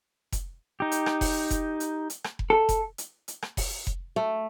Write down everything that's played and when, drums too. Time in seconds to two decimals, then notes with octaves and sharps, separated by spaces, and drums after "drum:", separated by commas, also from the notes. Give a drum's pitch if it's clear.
0.32 drum: kick F1, hi-hat
0.80 D#4 G4
0.92 drum: hi-hat
1.06 drum: rim click
1.21 drum: kick F1, open hi-hat
1.51 drum: kick F1, hi-hat
1.80 drum: hi-hat
2.10 drum: hi-hat
2.24 drum: rim click
2.39 drum: kick F1
2.50 A4
2.69 drum: kick F1, hi-hat
2.98 drum: hi-hat
3.28 drum: hi-hat
3.42 drum: rim click
3.57 drum: kick F1, open hi-hat
3.87 drum: kick F1
4.16 A3